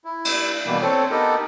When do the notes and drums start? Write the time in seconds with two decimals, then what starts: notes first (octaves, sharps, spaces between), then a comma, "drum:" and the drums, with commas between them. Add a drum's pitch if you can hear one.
0.05 E4
0.25 drum: cymbal
0.66 B2 E3 G3 A#3 B3
0.82 C4 A4 C#5
1.10 B3 D#4 G4 A4 A#4